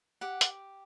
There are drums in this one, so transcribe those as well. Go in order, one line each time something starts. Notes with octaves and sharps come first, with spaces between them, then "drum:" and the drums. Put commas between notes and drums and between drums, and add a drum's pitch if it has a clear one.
G4 F#5
drum: hi-hat